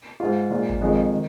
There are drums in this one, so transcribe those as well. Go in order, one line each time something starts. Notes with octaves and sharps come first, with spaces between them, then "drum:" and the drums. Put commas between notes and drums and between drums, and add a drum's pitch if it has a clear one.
G#2 G#3 F4
A#2 G#3 F4
drum: kick G#1
F2 D#3 G#3 F4
D#3